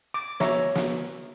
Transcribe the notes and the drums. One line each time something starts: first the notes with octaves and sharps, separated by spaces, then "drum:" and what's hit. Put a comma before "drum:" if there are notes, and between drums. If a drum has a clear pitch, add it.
D6
C#5 E5 A#5, drum: snare
drum: snare